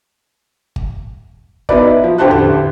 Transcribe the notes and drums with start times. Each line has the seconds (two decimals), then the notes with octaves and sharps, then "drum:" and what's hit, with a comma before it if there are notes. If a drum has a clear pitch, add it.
0.76 drum: kick G1
1.69 B3 D#4 E4 B4 D5, drum: kick G1
2.04 F3
2.18 A1 D3 G4 C5 A5 F#6
2.31 drum: tom E2